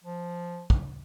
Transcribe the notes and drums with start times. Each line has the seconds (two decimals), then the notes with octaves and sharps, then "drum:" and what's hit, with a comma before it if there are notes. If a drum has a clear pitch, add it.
0.04 F3
0.70 drum: kick